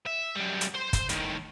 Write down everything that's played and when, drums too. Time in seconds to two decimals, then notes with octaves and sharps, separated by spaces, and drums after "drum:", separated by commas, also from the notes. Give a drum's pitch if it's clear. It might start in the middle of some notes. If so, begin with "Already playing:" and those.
0.06 E5
0.35 F#2 G3
0.61 drum: hi-hat
0.74 C5 C6
0.93 drum: kick, hi-hat
1.09 A2 D#3, drum: hi-hat